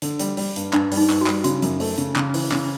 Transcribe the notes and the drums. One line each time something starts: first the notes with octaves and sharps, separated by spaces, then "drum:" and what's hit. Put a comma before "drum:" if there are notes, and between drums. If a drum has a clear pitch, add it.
D3, drum: hi-hat
G3, drum: hi-hat
G3, drum: open hi-hat
G2, drum: hi-hat
G2 D4, drum: clap
G3, drum: open hi-hat
D#4
G2, drum: clap
F#4
G3, drum: clap
C#3 F#4, drum: hi-hat
F#2, drum: hi-hat
A3, drum: open hi-hat
C#3, drum: hi-hat
C#3, drum: clap
E3, drum: open hi-hat
C#3, drum: clap